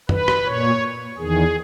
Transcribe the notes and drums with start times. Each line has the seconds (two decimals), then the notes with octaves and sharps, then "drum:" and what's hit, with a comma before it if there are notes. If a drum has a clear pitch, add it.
0.09 B4, drum: tom
0.28 drum: rim click
0.46 A#2 C#5
1.18 E2 D#3 G#4